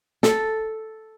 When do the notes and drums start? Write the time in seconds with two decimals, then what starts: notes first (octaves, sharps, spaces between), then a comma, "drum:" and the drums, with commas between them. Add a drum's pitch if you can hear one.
0.23 A4, drum: snare